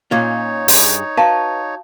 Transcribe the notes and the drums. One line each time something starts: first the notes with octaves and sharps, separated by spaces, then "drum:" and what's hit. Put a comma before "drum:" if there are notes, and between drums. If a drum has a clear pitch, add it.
A#2 C#4 D#4 F4 C#5
G2 G#4, drum: open hi-hat
F#4 B4 F5 A5 A#5